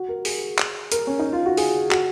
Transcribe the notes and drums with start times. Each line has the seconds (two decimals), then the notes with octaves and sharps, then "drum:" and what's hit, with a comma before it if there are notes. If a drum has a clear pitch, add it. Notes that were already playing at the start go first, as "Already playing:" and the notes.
Already playing: F#4
0.09 A#4
0.25 G#4, drum: open hi-hat
0.58 drum: clap
0.92 A#4, drum: hi-hat
1.07 C#4
1.19 D#4
1.33 F4
1.46 F#4
1.57 G#4, drum: open hi-hat
1.91 F#4, drum: clap